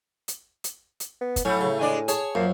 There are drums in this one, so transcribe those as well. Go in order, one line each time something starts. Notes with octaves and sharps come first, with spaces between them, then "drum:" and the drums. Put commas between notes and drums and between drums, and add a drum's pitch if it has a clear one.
drum: hi-hat
drum: hi-hat
drum: hi-hat
B3
drum: kick, hi-hat
A2 F#3 A3 C#4 F#5 B5
C#3
G#3 D4 D5 G#5
G#4 C#5 A5, drum: hi-hat
F#2 A#3 F4 C5 F5